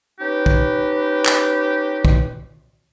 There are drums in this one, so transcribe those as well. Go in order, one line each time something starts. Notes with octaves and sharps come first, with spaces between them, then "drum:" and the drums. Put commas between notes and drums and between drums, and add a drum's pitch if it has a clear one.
C#4 D#4 G4 B4
drum: kick
drum: clap
drum: kick